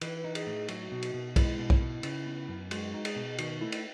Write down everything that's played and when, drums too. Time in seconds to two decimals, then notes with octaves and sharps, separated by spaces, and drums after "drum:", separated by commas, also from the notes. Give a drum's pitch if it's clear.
0.01 E3 B4, drum: cymbal
0.24 D#4
0.35 G#4, drum: cymbal
0.46 A2
0.68 F#3 F#4, drum: cymbal
0.92 B2
1.03 drum: cymbal
1.14 B2
1.36 G#3 E4, drum: kick, cymbal
1.59 B2
1.70 drum: kick
1.81 B2
2.03 C#3, drum: cymbal
2.26 B3
2.48 F#2
2.71 G#3 F#4, drum: cymbal
2.94 D#4
3.05 G#4, drum: cymbal
3.16 B2
3.38 D#3 F#4, drum: cymbal
3.61 A3 E4
3.72 drum: cymbal